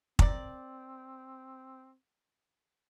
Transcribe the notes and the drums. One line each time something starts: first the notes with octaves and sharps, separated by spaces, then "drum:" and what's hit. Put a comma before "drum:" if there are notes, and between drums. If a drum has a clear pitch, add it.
C4 A#4 D5, drum: kick